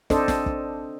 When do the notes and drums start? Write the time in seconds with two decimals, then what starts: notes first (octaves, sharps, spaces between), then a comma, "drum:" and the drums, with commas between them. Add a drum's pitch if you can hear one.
0.10 C4 D4 A4 C5 D5 D#5, drum: snare
0.28 drum: snare
0.46 drum: kick